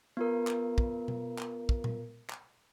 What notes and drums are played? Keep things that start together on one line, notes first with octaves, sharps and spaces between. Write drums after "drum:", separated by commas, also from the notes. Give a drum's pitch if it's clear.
B3 F4 A#4
drum: clap
drum: kick
drum: tom B2
drum: clap
drum: kick
drum: tom A#2
drum: clap